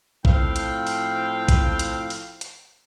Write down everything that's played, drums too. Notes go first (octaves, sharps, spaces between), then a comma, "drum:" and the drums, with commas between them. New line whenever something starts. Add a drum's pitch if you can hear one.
A2 F3 C4 F5 G5, drum: kick A#1
drum: hi-hat
drum: open hi-hat
drum: kick A#1, hi-hat
drum: hi-hat
drum: open hi-hat
drum: hi-hat